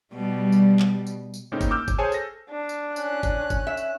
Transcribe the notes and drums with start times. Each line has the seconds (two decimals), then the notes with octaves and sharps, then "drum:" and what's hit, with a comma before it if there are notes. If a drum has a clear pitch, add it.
0.14 B2 G3
0.52 drum: tambourine
0.79 drum: clap
1.07 drum: tambourine
1.34 drum: tambourine
1.52 A2 C#3 A#3 C4 C#4 D#4
1.61 drum: kick, tambourine
1.71 D6 E6 F6 G6
1.88 drum: kick, tambourine
1.98 G#4 C5 C#5 G#5 A5
2.12 A4 A#6, drum: tambourine
2.50 D4
2.69 drum: tambourine
2.96 C#4 F#6, drum: tambourine
3.23 drum: kick, tambourine
3.50 drum: kick, tambourine
3.67 E5
3.77 drum: tambourine